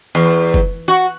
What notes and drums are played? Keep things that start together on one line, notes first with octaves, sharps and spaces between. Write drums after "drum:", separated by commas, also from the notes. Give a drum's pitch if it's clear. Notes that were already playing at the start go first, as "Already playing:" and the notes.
E2
drum: kick
F#4